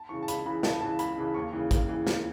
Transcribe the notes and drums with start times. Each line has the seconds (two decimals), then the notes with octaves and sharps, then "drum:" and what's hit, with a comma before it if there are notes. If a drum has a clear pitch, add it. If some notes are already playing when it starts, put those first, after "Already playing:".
Already playing: A5
0.09 C#3 E3 C#6
0.23 A5
0.28 C#2 B5, drum: hi-hat
0.45 C#3 E3 B5
0.63 C#2 A5, drum: snare
0.81 C#3 E3 A5
0.99 C#2 B5, drum: hi-hat
1.17 C#3 E3
1.34 D#2 C#6
1.53 C#3 E3
1.71 D#2, drum: kick, hi-hat
1.89 C#3 E3
2.07 D#2, drum: snare